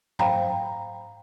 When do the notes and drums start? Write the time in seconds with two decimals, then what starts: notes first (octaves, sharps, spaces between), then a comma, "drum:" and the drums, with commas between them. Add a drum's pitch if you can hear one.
0.19 C5 F5 G5 A#5 B5, drum: tom G#2